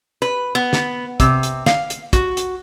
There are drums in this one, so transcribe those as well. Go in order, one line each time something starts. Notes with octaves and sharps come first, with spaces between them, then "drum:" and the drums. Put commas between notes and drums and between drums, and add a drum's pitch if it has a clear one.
B4
B3
drum: snare
C3, drum: kick, hi-hat
drum: hi-hat
F5, drum: snare
drum: hi-hat
F#4, drum: kick, hi-hat
drum: hi-hat